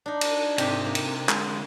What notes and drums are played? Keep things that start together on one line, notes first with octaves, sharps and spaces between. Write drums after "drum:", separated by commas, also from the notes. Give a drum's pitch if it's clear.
D4 D#4
drum: cymbal
G#2 C3 G4, drum: cymbal
A#3
drum: cymbal
D3 G#3, drum: clap